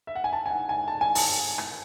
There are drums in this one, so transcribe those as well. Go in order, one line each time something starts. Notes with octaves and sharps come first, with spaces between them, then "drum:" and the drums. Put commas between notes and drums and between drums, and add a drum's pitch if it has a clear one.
E5
F#5
G#5
A5
G#5
F#5
G#5
A5
G#5
A5, drum: open hi-hat
drum: rim click